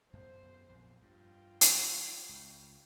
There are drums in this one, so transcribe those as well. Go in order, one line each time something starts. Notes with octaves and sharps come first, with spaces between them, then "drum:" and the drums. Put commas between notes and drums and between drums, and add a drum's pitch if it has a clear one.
F#2 B3 C5
A#1 F2
G2 F4 G5
drum: hi-hat
C#2